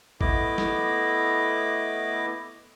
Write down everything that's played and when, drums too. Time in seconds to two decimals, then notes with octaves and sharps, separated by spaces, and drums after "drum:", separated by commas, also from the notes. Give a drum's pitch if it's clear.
0.21 A3 B3 E4 D#5 D6, drum: kick G#1
0.58 drum: snare